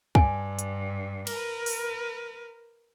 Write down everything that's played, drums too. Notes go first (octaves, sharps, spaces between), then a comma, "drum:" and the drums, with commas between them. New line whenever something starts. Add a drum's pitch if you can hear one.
G2 G#5, drum: kick
drum: hi-hat
A#4 B4, drum: cymbal
drum: open hi-hat